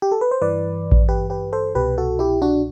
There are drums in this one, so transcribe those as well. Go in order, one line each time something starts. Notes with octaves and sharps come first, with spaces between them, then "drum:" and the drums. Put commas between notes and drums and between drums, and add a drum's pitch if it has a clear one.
G4
A4
B4
C5
G2 E3 B4 D5
drum: kick A1
G4 B4
G4 B4
A4 C5
C2 B2 G4 B4
F#4 A4
E4 G4
D4 F#4